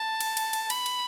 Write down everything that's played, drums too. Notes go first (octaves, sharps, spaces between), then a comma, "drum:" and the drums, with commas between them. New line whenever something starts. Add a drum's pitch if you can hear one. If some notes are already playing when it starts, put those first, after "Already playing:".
Already playing: A5
drum: cymbal
drum: cymbal
drum: cymbal
B5, drum: cymbal
drum: cymbal